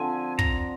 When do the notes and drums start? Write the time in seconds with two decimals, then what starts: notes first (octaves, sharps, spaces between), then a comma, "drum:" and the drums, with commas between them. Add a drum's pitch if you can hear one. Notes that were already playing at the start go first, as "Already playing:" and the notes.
Already playing: D3 F3 C4 G#5
0.39 A#5, drum: kick